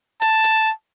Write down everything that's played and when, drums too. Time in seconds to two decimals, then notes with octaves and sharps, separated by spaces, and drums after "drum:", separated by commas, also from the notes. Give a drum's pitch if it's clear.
0.22 A5, drum: hi-hat
0.44 drum: hi-hat